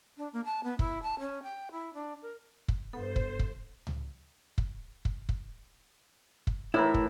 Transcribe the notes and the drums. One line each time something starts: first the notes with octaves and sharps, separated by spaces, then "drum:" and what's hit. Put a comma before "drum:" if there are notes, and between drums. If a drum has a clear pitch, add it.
D4
A#3
A5
B3
E4, drum: kick
A5
C#4
G5
E4
D4
A#4
drum: kick
G2 B3 A4 C5
drum: kick
drum: kick
drum: tom C#2
drum: kick
drum: kick
drum: kick
drum: kick
A2 E3 E4 A#4
drum: kick